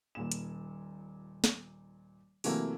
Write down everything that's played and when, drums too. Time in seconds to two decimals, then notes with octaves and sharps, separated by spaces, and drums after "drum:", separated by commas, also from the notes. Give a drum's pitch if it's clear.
0.15 D#1 A#2 E7
0.32 drum: hi-hat
1.44 drum: snare
2.44 C3 E3 F#3 A3 A#3, drum: open hi-hat